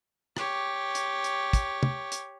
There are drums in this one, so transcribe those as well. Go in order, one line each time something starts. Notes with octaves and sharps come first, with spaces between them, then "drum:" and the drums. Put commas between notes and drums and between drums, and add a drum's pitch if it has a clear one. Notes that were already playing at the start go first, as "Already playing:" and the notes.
G4 C#5, drum: rim click
drum: hi-hat
drum: hi-hat
drum: kick, hi-hat
drum: tom
drum: hi-hat